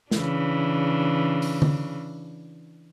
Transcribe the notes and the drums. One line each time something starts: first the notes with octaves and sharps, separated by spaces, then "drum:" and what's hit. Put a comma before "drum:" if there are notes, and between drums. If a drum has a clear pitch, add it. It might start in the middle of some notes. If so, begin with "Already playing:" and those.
C#3 E3 D4, drum: snare
drum: open hi-hat
drum: tom D3